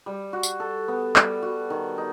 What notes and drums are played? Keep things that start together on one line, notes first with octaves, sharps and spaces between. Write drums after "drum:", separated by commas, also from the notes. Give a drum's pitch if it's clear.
G3
F#4
drum: tambourine
A4
B3
G3, drum: clap
F#4
D#3
D#4